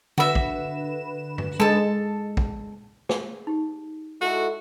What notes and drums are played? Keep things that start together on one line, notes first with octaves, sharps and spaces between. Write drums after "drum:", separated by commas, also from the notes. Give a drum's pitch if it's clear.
D3 F#4 B4 E5 E7
drum: kick
drum: tom G2
G#3 A4 A5
drum: kick
G#4, drum: snare
D#4 G4
G#3 E4 F#4 A4